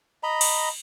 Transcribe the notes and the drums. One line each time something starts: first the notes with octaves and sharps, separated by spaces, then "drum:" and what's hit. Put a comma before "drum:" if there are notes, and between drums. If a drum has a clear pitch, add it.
D#5 A#5 B5
drum: cymbal